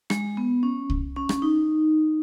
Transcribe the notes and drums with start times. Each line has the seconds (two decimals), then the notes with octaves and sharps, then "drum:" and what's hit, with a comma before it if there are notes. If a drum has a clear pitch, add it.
0.10 G#3, drum: rim click
0.37 B3
0.63 C#4
0.90 drum: kick C2
1.16 C#4
1.29 drum: rim click
1.42 D#4